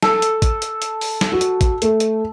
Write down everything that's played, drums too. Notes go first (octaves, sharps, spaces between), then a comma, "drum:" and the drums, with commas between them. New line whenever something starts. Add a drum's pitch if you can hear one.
A4, drum: snare
drum: hi-hat
drum: kick, hi-hat
drum: hi-hat
drum: hi-hat
drum: open hi-hat
drum: snare
F#4
drum: hi-hat
drum: kick, hi-hat
A3, drum: hi-hat
drum: hi-hat